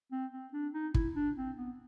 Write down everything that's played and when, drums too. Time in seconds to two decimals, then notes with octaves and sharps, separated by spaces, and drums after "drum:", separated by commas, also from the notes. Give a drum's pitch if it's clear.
0.12 C4
0.33 C4
0.53 D4
0.74 D#4
0.94 E4, drum: kick
1.15 D4
1.37 C4
1.57 B3